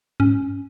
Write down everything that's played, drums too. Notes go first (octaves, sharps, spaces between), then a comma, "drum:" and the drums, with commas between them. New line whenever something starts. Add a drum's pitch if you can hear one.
C#4, drum: tom G2